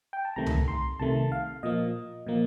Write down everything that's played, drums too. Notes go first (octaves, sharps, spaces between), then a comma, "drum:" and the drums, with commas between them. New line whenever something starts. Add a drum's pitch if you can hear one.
G5
A5
C2 C3 D#3 A3 A#5
drum: tom C2
C6
C2 C3 D#3 A3 A5
F5
A#2 F3 A#3 D#5
A#2 F3 A#3